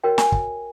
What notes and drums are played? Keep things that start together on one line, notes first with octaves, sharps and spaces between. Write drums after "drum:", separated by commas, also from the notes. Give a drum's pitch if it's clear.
F#4 A#4 C#5 G5
G#5, drum: snare
drum: kick